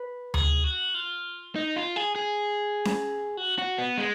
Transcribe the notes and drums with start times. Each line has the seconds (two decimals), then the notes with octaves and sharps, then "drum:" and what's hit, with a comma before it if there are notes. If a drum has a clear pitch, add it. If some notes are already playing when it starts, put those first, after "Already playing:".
Already playing: B4
0.34 G#4, drum: tom D2
0.64 F#4
0.94 F4
1.56 D#4
1.76 F4
1.96 G#4
2.15 G#4
2.85 drum: snare C#4
3.37 F#4
3.58 F#4
3.78 B3
3.98 G#3